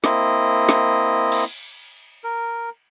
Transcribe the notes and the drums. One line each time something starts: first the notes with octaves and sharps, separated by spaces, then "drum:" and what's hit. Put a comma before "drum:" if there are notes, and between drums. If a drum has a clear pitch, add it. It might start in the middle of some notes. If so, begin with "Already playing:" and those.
A#3 C4 E4 D#5, drum: snare
drum: snare
drum: cymbal
A#4